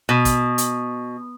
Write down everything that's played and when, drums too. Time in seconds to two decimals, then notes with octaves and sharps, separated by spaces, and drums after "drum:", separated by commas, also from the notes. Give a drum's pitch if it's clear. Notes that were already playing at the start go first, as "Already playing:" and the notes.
0.09 B2
0.25 drum: kick, hi-hat
0.58 drum: hi-hat